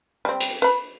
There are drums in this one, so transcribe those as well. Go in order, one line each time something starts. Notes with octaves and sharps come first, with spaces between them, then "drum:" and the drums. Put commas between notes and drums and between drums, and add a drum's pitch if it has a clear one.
G3 C4
drum: hi-hat
B4 B5